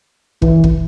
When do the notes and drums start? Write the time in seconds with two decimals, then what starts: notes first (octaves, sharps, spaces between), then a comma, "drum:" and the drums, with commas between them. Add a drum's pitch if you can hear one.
0.42 E3, drum: kick
0.64 drum: kick